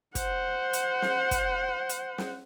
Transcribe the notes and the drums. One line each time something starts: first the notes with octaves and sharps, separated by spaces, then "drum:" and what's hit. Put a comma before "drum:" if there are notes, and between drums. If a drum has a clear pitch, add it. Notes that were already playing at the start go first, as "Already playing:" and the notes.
C5 F#5, drum: kick, hi-hat
drum: hi-hat
drum: snare
drum: kick, hi-hat
drum: hi-hat
drum: snare